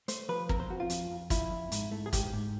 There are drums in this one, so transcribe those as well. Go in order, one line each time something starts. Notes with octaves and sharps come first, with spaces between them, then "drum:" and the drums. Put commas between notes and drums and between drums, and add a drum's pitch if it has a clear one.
A3 C5, drum: hi-hat
F3 B4
C4 A#4, drum: kick
C5
F3 F#4
F4
F2, drum: hi-hat
F2
F3 E4, drum: kick, hi-hat
F2
G#2, drum: hi-hat
A3
G#4
G#2 G4, drum: kick, hi-hat
G#2